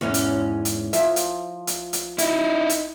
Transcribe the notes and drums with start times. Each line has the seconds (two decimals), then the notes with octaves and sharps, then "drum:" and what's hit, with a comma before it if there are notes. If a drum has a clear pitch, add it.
0.01 E2 G#2 C#4
0.14 drum: hi-hat
0.65 drum: hi-hat
0.93 F3 E5, drum: hi-hat
1.16 drum: hi-hat
1.67 drum: hi-hat
1.93 drum: hi-hat
2.18 D#4 E4, drum: hi-hat
2.70 drum: hi-hat